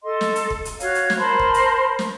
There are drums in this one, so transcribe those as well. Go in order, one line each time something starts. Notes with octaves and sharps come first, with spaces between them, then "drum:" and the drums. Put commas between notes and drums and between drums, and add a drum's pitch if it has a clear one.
A4 D#5 C6
drum: snare
drum: hi-hat
drum: kick
drum: hi-hat
F#4 C#5 F5, drum: hi-hat
drum: hi-hat
drum: snare
A#4 C5 A5 B5
drum: kick
drum: hi-hat
drum: snare